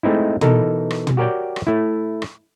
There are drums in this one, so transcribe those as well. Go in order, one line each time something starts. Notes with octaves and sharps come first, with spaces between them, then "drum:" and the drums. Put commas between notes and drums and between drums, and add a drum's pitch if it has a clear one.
G#3 A3 C4 D#4 E4
B2 E3 D#4 A4 A#4, drum: tom
drum: rim click
drum: tom
F#4 G4 A#4 C#5 D5 G5
drum: rim click
A3 E4
drum: rim click